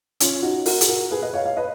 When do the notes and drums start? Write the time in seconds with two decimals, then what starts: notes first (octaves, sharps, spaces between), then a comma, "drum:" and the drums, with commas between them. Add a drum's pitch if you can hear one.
0.20 C#4 F4, drum: hi-hat
0.43 D#4 F#4
0.66 F#4 A#4, drum: open hi-hat
0.81 G#4, drum: hi-hat
0.88 F#4 A#4
1.11 G#4 B4
1.22 B4 D#5
1.34 C#5 F5
1.45 C#5 F5
1.57 B4 D#5